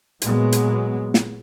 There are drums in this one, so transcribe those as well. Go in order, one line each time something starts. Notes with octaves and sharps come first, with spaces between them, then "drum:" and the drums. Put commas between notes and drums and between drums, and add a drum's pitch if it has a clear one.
A#2 F#3 G#3 B3, drum: hi-hat
drum: hi-hat
drum: snare